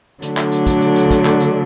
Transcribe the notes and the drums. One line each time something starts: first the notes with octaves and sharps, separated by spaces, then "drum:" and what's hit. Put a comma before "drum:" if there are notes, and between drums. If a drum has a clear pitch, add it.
D3 F#3 A3 D4, drum: hi-hat
drum: clap
drum: hi-hat
drum: kick, hi-hat
drum: hi-hat
drum: hi-hat
drum: kick, hi-hat
drum: clap
drum: hi-hat